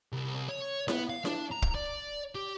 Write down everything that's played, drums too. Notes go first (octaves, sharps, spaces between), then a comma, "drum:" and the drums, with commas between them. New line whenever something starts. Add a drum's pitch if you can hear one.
C2
C#5
B3, drum: snare E4
F5
D4, drum: snare E4
A#5
drum: kick
D5
G4